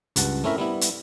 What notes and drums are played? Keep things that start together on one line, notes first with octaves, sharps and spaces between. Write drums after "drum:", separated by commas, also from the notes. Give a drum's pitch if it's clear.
C#2 G2 F#5 A5, drum: hi-hat
A3 C4 C#4 E4 A#4 E5
G3 B3 E4
drum: hi-hat